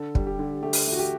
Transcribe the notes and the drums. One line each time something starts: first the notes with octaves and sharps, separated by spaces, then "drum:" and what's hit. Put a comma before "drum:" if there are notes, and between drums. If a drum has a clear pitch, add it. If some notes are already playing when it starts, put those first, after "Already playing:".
Already playing: D3 A4
G3, drum: kick
G4
D3
A3 G4
drum: open hi-hat
A3
F#4
G4